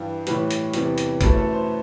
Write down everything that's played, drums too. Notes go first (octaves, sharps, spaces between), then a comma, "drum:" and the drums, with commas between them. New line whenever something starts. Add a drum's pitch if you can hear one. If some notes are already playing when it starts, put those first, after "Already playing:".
Already playing: G2 E3 G3
A2 E3 G3 B4, drum: hi-hat
drum: hi-hat
E2 C3 E3 G3, drum: hi-hat
drum: hi-hat
F#2 E3 A3 B4, drum: kick G1, hi-hat
A4
C5